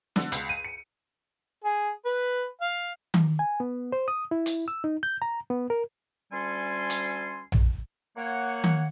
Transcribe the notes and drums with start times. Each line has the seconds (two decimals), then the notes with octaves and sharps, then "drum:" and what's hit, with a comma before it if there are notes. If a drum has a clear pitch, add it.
0.16 D3, drum: snare
0.32 C#2, drum: hi-hat
0.49 D#7
0.65 C#7
1.64 G#4
2.05 B4
2.61 F5
3.14 drum: tom D#3
3.39 G#5
3.60 B3
3.92 C5
4.08 D#6
4.31 E4
4.46 drum: hi-hat
4.68 E6
4.84 D#4
5.03 G6
5.22 A#5
5.50 B3
5.70 A#4
6.33 D2 G3 C#4 A4 G#5 C6
6.90 drum: hi-hat
7.52 drum: tom A#1
8.17 A#3 C#5 F#5
8.64 drum: tom D#3